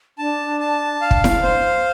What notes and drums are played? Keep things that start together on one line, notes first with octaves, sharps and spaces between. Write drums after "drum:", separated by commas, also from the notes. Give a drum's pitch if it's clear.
D4 A5
A5
F5
drum: kick
drum: snare E4
C5